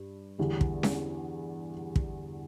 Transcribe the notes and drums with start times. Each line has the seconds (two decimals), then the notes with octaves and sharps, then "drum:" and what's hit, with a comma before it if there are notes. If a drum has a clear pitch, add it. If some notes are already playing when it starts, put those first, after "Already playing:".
Already playing: G2
0.39 E2 D3 G3
0.61 drum: kick
0.83 drum: snare C#4
1.96 drum: kick